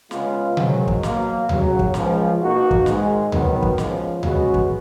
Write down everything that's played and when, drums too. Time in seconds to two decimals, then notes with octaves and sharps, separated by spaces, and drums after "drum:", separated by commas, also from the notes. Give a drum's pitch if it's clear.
0.11 C#3 G#3 B3 F4, drum: snare
0.57 G#2 D#3 F#3, drum: tom B2
0.88 drum: kick
1.03 B2 F#3 A#3, drum: snare
1.49 D#2 C#3 F#3, drum: tom D2
1.79 drum: kick
1.94 C#2 C#3 F3 G#3, drum: snare
2.41 B2 A#3 D#4 F#4
2.71 drum: kick
2.86 G#2 D#3 G#3, drum: snare
3.32 D#3 F#3 B3, drum: tom D2
3.62 drum: kick
3.78 C#2 C#3 F3, drum: snare
4.23 C#3 G#3 B3 F#4, drum: tom D2
4.54 drum: kick